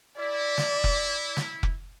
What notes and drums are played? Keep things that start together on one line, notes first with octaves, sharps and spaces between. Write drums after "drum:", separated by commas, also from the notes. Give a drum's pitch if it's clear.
E4 D5
drum: snare
drum: kick F1
drum: snare
drum: kick F1